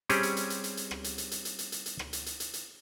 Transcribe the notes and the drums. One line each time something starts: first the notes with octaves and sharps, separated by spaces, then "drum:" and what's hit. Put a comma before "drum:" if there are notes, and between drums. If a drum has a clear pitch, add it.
G3 C4 C#4 G4 G#4, drum: hi-hat
drum: hi-hat
drum: hi-hat
drum: hi-hat
drum: hi-hat
drum: hi-hat
drum: rim click
drum: hi-hat
drum: hi-hat
drum: hi-hat
drum: hi-hat
drum: hi-hat
drum: hi-hat
drum: hi-hat
drum: rim click
drum: hi-hat
drum: hi-hat
drum: hi-hat
drum: hi-hat